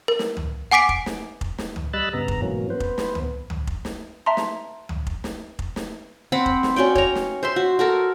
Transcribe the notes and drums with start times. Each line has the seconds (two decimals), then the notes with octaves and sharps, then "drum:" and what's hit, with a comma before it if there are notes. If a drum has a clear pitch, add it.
0.08 A#4
0.19 drum: snare
0.37 drum: tom C#2
0.71 F#5 G#5 D6 B6 D7
0.89 drum: kick
1.06 drum: snare
1.41 drum: kick
1.58 drum: snare
1.76 drum: tom C#2
1.93 G3 D#5 B5 E6 F#6 A6
2.13 G2 C#3 B3 A#5
2.28 drum: kick
2.42 G#2 B2 E3 F#3 A#3 C#4
2.70 B3 B4 C5
2.80 drum: kick
2.98 drum: snare
3.15 drum: tom C#2
3.50 drum: tom C#2
3.67 drum: kick
3.85 drum: snare
4.26 E5 A5 A#5 C6
4.37 drum: snare
4.89 drum: tom C#2
5.07 drum: kick
5.24 drum: snare
5.59 drum: kick
5.76 drum: snare
6.32 C4 C5 F#5 B5
6.46 drum: kick
6.63 drum: snare
6.76 C#4 F#4 D5 G5
6.95 C#5 A#5, drum: kick
7.15 drum: snare
7.43 C5 E5 C6
7.56 F#4
7.79 F#4 A4 A#4